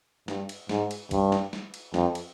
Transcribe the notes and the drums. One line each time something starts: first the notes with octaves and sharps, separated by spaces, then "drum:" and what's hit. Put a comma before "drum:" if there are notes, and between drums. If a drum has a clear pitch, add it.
G2, drum: snare
drum: cymbal
G#2, drum: snare
drum: cymbal
G2, drum: kick, cymbal
drum: snare
drum: snare
drum: cymbal
F2, drum: snare
drum: cymbal